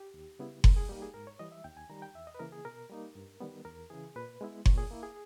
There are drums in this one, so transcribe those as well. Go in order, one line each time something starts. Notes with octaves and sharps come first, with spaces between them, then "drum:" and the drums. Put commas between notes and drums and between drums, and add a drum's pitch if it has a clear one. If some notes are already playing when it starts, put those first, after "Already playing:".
Already playing: G4
D#2
C#3 G3 B3 E4
G#2 A#4, drum: kick F#1
G#4
G3 A#3 D#4 G4
G#4
G#2 A#4
C#5
E3 G3 D#5
E5
D#2 G5
G#5
D#3 G3 A#5
G5
E2 E5
D#5
B4
C#3 E3 A#3 A#4
G#4
B2 A#4
G3 A#3 D#4
G2
D#3 G3 B3
E2 A#4
C#3 E3 G#4
A#2 B4
G#3 B3 E4
A#2 C#5, drum: kick F#1
G#4
A#3 E4
G#4